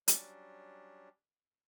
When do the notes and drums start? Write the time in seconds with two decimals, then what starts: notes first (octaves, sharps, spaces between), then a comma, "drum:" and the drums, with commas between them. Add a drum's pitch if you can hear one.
0.08 F#3 G3 C#4 D4, drum: hi-hat